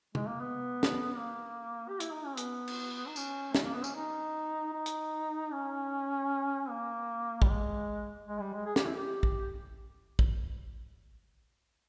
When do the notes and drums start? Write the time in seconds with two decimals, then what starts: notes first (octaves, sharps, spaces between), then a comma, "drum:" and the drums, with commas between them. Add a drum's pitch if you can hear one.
0.15 G#3, drum: tom C3
0.27 A#3
0.40 B3
0.83 drum: snare
1.19 A#3
1.89 G4
2.00 E4, drum: hi-hat
2.12 D#4
2.25 C#4
2.37 B3, drum: hi-hat
2.68 drum: cymbal
3.08 D#4
3.16 C#4, drum: tambourine
3.55 G#3, drum: snare
3.65 A#3
3.75 B3
3.84 C#4, drum: tambourine
3.95 D#4
4.73 D#4
4.86 drum: hi-hat
5.52 C#4
6.70 A#3
7.42 G3, drum: kick
7.48 G#3
8.28 G#3
8.40 G3
8.53 G#3
8.66 G#4
8.76 G4, drum: snare
8.85 E4
8.95 G4
9.23 drum: kick
10.19 drum: kick